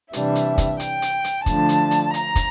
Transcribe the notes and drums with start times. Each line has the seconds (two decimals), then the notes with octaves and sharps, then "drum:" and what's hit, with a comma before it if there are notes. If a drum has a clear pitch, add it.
0.13 C3 E3 G3 D4 E5, drum: hi-hat
0.35 drum: hi-hat
0.58 drum: kick, hi-hat
0.80 G5, drum: hi-hat
1.02 drum: hi-hat
1.24 drum: hi-hat
1.46 D3 F3 A3 D4 A5, drum: kick, hi-hat
1.69 drum: hi-hat
1.91 drum: hi-hat
2.14 A#5, drum: hi-hat
2.35 drum: kick, hi-hat